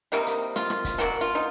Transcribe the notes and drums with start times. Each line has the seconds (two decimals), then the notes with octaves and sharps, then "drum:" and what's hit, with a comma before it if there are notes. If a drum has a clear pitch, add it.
0.12 C3 D#3 G3 A#3 D#4
0.26 drum: hi-hat
0.56 F4, drum: rim click
0.70 drum: rim click
0.84 drum: kick, hi-hat
0.98 B2 F#3 A#3 F#4
1.21 F4
1.35 D#4